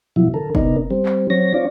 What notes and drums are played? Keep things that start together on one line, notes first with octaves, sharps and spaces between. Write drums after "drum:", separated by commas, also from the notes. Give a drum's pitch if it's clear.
B2 F3 F#3 E4
D3 A4 A#4
C3 B3 D4 D#4 A#4, drum: kick F#1
G3 C4
drum: clap
F#3 C4 C#5 A#6
C4 D4 F4 C#5 D5